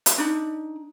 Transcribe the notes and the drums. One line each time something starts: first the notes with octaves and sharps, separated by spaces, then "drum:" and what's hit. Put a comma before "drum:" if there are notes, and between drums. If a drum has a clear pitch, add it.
drum: hi-hat
D4 D#4